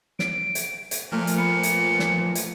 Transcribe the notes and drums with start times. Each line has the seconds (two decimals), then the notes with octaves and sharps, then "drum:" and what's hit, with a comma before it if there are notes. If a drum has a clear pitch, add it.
0.19 D7, drum: snare
0.55 drum: hi-hat
0.91 drum: hi-hat
1.12 A#2 F3 A3 F6
1.27 drum: hi-hat
1.37 B3 B4 C#7
1.63 drum: hi-hat
1.99 drum: snare
2.35 drum: hi-hat